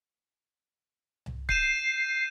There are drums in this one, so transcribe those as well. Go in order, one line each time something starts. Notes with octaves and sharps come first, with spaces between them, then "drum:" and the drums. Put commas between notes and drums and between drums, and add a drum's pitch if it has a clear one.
drum: tom C2
G6 C7 D#7 E7, drum: kick C#1